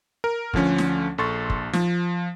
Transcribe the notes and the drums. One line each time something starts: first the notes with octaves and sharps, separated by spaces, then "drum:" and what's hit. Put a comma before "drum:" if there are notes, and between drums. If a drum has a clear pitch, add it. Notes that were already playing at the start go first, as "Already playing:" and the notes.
A#4
D2 D3 F3 C#4, drum: kick
drum: snare
A#1 A4 C6 C#6 A6
drum: kick
F3, drum: snare